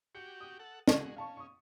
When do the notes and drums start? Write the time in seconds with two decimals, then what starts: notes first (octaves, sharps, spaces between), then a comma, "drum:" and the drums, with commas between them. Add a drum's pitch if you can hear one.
0.15 F#4 G4 C#7
0.41 D#6
0.59 A4 F#5
0.88 G#3 F#4, drum: snare
1.16 C#4 F5 A5 C#6
1.37 C#6 D#6